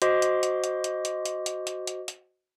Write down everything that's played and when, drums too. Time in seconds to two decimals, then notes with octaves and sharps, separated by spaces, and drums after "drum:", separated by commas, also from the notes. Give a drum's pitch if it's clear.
0.02 F#4 C5 D#5 C6 D6, drum: hi-hat
0.22 drum: hi-hat
0.43 drum: hi-hat
0.64 drum: hi-hat
0.84 drum: hi-hat
1.05 drum: hi-hat
1.26 drum: hi-hat
1.46 drum: hi-hat
1.67 drum: hi-hat
1.87 drum: hi-hat
2.08 drum: hi-hat